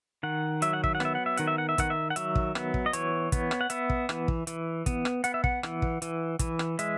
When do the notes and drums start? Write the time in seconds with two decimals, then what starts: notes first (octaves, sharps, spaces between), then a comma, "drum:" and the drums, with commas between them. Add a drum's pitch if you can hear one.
0.23 D#3 F#5
0.62 F#3 E5, drum: hi-hat
0.73 F#5
0.84 E5, drum: kick
0.95 F#5
1.00 B3 E5, drum: rim click
1.15 F#5
1.26 E5
1.37 D#3 F#5, drum: hi-hat
1.47 E5
1.58 F#5
1.69 E5
1.78 D#3 F#5, drum: kick, hi-hat
1.90 E5
2.10 F#5
2.16 F#3 E5, drum: hi-hat
2.35 drum: kick
2.55 B3, drum: rim click
2.74 drum: kick
2.86 D#5
2.93 E3 C#5, drum: hi-hat
3.32 B3, drum: kick, hi-hat
3.51 drum: rim click
3.61 F#5
3.70 B3 E5, drum: hi-hat
3.90 drum: kick
4.09 E3, drum: rim click
4.28 drum: kick
4.47 E3, drum: hi-hat
4.86 B3, drum: kick, hi-hat
5.05 drum: rim click
5.24 B3 F#5, drum: hi-hat
5.34 E5
5.44 F#5, drum: kick
5.63 E3, drum: rim click
5.82 drum: kick
6.02 E3, drum: hi-hat
6.39 E3, drum: kick, hi-hat
6.59 drum: rim click
6.79 G#3 E5, drum: hi-hat